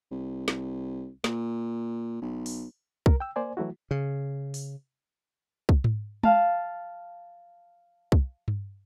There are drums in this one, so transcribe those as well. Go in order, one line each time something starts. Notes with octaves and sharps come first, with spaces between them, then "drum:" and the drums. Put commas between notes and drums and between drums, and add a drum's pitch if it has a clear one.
C2
C2, drum: snare
A#2, drum: snare
B1
drum: open hi-hat
A#4, drum: kick
G5 E6
A#3 C5 D5 G#5
E3 F#3 A3 E4 F#4
C#3
drum: open hi-hat
drum: kick
drum: tom G#2
F5 A5, drum: tom
drum: kick
drum: tom G2